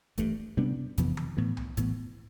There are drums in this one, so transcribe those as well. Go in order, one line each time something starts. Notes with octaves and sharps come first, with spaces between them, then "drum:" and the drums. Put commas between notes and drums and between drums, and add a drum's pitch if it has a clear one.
G2 E3 A3, drum: kick D1, hi-hat
C3 G3 B3 D4
F2 C3 E3 B3, drum: kick D1, hi-hat
drum: tom D#3
A2 E3 B3
drum: tom C2
A2 E3 B3, drum: kick D1, hi-hat